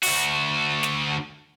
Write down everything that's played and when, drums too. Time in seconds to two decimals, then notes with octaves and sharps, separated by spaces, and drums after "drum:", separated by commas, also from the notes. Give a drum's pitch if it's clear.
0.03 D2 F#4, drum: open hi-hat
0.83 drum: snare